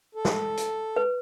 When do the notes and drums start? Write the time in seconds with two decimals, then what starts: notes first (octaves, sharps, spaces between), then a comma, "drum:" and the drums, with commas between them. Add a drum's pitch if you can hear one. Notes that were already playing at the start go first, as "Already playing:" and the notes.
0.15 A4
0.25 drum: snare
0.57 drum: hi-hat
0.96 B4